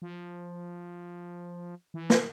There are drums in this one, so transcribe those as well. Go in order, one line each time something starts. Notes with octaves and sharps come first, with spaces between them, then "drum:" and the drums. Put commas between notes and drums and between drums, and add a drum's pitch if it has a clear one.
F3
E3
F3, drum: snare